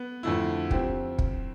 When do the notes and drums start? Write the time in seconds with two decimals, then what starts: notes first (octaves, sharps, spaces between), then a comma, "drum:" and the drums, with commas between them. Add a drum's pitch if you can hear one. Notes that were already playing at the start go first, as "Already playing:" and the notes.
Already playing: B3
0.23 F2 D3 A3 E4
0.71 F3 C4 G4, drum: kick
1.19 drum: kick